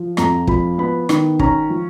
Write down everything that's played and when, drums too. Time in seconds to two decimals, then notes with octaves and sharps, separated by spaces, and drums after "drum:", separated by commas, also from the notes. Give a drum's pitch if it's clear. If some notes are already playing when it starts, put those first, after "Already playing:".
Already playing: F3
0.17 F2 A#5, drum: rim click
0.47 F3 B5, drum: kick
0.78 B3 B5
1.09 D#3, drum: rim click
1.39 C#4 A#5, drum: kick
1.70 F3